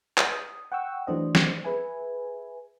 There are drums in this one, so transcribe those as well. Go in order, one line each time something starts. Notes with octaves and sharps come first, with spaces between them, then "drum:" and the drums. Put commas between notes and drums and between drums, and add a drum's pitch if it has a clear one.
D#6, drum: clap
F#5 G5 C#6 E6
E3 F#3 A3 D4 C5 D#5
drum: snare
G#4 B4 E5 G#5